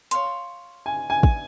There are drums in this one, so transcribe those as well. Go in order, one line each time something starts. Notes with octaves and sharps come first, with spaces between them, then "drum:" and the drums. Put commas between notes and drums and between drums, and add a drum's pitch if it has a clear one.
C#5 F5 C6, drum: hi-hat
G#5
G#5
drum: kick